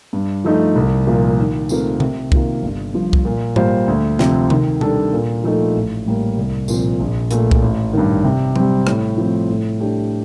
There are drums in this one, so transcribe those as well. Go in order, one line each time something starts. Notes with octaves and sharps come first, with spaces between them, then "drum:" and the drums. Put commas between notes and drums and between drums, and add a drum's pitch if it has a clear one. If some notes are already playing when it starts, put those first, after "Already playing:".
G2
F3 A3 D#4
C2
A#2 F3 A#3 F4
D#3
A3 C4 F4 A#4, drum: tambourine
C3, drum: tom C3
D#3 A#3 F4, drum: kick C2
G1
G2 F3
drum: kick C2
A#2
G3 A#3 F4 C5, drum: tom G#2
D2
C3 F3 C4, drum: snare
D#3, drum: tom C3
G3 D4 A4, drum: tom B2
A#2
F3 A3 D#4 A4
A1
A2 G3 A#3
C2
A#2 F3 C4, drum: tambourine
A#1
A#2 A3, drum: hi-hat
drum: kick C2
A1
G2 D#3
C3
G3 C4, drum: tom F#3
A2, drum: rim click
F3 A3 C4
A2
A3 D4 G4